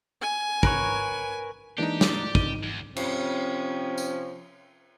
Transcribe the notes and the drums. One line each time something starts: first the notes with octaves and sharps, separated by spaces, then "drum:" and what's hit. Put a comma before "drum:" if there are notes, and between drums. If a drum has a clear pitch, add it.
G#5
A#4 B4 C#5, drum: kick
E3 G#3 A#3 D4 D#4 G4
D5, drum: snare
D#4 D#7, drum: kick
E2
C3 F3 C#4, drum: cymbal
drum: tambourine